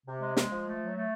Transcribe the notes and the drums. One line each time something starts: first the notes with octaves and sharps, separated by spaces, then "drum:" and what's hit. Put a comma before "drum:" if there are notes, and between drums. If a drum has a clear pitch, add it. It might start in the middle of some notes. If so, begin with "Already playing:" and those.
C3
G#3
G#3, drum: snare
F3
A3
F#3
A3